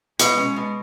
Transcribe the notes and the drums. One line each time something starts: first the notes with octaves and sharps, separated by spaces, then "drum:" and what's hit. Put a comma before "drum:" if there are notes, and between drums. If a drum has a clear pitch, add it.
B2 G#3, drum: hi-hat
C#4
B2